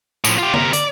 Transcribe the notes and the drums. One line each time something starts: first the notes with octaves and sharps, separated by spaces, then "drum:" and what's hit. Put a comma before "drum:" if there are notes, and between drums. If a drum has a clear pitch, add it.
A2 F3, drum: tambourine
F4 G4
C3 A#4, drum: tom D3
D5, drum: hi-hat